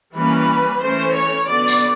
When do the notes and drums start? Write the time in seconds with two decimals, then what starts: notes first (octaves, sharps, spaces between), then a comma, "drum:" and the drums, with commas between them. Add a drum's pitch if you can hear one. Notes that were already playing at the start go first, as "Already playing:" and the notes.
0.15 E3 G3 A#3 C#4 B4
0.80 E3 A3 C#4 C5
1.12 C#5
1.45 D3 F#3 B3 D5
1.68 drum: tambourine